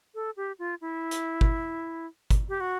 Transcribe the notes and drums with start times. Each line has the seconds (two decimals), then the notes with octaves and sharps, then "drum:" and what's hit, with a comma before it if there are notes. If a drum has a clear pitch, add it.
0.15 A4
0.37 G4
0.59 F4
0.81 E4
1.11 drum: hi-hat
1.41 drum: kick
2.31 drum: kick, hi-hat
2.49 G4
2.60 F#4